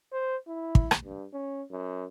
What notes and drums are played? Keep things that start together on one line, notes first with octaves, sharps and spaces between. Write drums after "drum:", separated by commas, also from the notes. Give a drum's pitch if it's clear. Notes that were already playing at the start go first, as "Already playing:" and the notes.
C5
E4
drum: kick
drum: rim click
G2
C#4
F#2